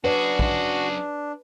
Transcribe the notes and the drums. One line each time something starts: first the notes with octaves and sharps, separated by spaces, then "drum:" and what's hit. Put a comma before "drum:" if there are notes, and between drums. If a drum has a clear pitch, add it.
F#2 D4 F#4 G#4 B4 C#5 D5
drum: kick A#1